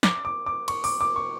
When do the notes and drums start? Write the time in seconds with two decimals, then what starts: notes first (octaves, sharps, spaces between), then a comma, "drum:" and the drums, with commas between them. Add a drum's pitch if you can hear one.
0.03 D6, drum: snare
0.25 D6
0.46 D6
0.68 C#6, drum: cymbal
0.84 D6, drum: open hi-hat
1.01 D6
1.16 C#6